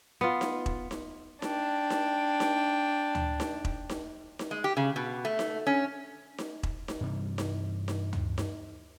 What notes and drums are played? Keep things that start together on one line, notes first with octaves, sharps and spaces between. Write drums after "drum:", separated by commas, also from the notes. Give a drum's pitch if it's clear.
B3 F4
drum: snare D#4
drum: kick E1
drum: snare D#4
D4 G5, drum: snare D#4
drum: snare D#4
drum: snare D#4
drum: tom D2
drum: snare D#4
drum: kick E1
drum: snare D#4
drum: snare D#4
G#3
G4
C#3
B2
A3
drum: snare D#4
C#4
drum: snare D#4
drum: kick E1
drum: snare D#4
G2 C3 E3 G3
drum: snare D#4
drum: snare D#4
drum: tom D2
drum: snare D#4